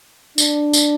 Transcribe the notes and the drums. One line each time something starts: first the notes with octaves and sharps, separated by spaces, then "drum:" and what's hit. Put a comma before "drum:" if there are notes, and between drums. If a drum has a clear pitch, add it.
D4, drum: tambourine
drum: tambourine